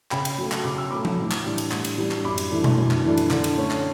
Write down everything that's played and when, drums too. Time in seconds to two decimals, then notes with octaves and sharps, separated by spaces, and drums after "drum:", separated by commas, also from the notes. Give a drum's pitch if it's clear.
0.11 C#3 G5 B5, drum: clap
0.25 drum: cymbal
0.38 F#3 A3
0.52 drum: clap
0.65 C#3 D6
0.78 E6
0.91 F#3 A3 B5 D6
1.05 drum: tom F3
1.19 A2
1.31 drum: clap
1.44 E3 G3 D4
1.58 drum: cymbal
1.71 A2, drum: clap
1.85 drum: cymbal
1.98 E3 G3 D4
2.11 drum: clap
2.24 F#2 B5 D6
2.38 drum: cymbal
2.51 E3 A3 D4
2.64 drum: tom B2
2.77 F#2
2.91 drum: clap
3.04 E3 A3 D4
3.17 drum: cymbal
3.31 D3, drum: clap
3.44 drum: cymbal
3.57 A3 C#4
3.71 drum: clap